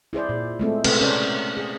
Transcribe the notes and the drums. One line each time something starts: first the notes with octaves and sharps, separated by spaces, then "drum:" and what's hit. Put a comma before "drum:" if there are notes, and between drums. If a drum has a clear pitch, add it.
E4 G#4 C5 D5
A#2
G#3 A3 C4
C3 A3 C4 G#4 A4 B4, drum: cymbal
C#4 A#4 C5 D5
G#4